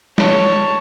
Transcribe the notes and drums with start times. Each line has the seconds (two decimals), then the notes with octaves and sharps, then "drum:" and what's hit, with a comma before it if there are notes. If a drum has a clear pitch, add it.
0.18 C#5 A5, drum: snare